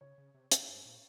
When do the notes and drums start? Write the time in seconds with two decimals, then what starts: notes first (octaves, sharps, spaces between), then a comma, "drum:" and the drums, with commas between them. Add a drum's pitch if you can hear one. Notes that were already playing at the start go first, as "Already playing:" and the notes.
0.01 C#3 C#5
0.18 C#3
0.34 C3
0.51 C#3, drum: hi-hat
0.69 G2
0.85 A#2